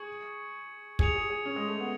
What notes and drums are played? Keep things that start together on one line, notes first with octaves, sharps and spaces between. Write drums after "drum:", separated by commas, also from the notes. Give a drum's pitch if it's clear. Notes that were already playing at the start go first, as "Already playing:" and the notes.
Already playing: G#4 C#6 G#6 C#7 F#7
G#4 G#6 C#7 F7, drum: kick
G#4
G#4
C#4
G#3
A3
B3